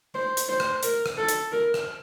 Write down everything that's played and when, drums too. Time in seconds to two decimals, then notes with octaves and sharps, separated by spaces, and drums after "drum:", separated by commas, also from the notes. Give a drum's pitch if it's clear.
0.14 C5
0.37 drum: hi-hat
0.49 C5
0.60 drum: rim click
0.83 A#4, drum: hi-hat
1.06 drum: rim click
1.18 A4
1.28 drum: hi-hat
1.52 A#4
1.74 drum: rim click